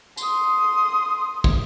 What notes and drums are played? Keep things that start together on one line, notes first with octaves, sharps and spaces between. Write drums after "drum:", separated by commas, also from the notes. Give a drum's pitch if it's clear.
C6 D#6, drum: tambourine
drum: kick